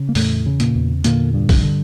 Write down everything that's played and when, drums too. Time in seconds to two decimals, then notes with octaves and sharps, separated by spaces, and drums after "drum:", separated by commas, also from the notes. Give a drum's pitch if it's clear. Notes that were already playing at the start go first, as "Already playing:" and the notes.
Already playing: C#3
0.09 A#3
0.15 E2 A2 A3, drum: open hi-hat
0.46 C#3
0.60 A#2 A#3, drum: hi-hat
0.75 E2
1.04 A#2 D3 A#3, drum: hi-hat
1.34 G2
1.49 drum: kick, open hi-hat
1.63 D3